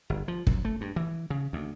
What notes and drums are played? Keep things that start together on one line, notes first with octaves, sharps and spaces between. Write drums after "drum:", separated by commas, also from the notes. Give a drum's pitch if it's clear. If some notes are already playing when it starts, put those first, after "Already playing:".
G1
F3
F#2, drum: kick
A3
G2
E3
C#3
D2